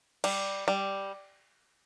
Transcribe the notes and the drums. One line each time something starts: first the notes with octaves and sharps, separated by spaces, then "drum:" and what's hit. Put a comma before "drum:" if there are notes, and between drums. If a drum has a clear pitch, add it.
G3, drum: cymbal
G3